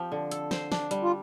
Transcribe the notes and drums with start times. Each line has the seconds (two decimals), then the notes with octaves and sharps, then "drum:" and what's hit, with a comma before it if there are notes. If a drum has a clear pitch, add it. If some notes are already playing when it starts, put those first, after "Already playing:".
Already playing: F3 C4 G4
0.12 D3
0.31 A4, drum: hi-hat
0.51 C5, drum: snare
0.72 D4, drum: snare
0.91 G3, drum: hi-hat
1.03 F4